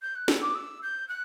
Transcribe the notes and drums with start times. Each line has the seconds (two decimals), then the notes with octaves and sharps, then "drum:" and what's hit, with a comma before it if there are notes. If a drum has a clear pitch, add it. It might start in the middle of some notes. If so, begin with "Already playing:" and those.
0.01 G6
0.15 F#6
0.28 E6, drum: snare
0.41 D6
0.54 E6
0.82 G6
1.08 F#6